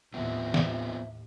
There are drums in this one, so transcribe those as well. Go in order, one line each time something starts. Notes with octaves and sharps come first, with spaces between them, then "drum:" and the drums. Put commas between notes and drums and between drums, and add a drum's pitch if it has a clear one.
D#2 A2 F3 B3 C4 E5
drum: snare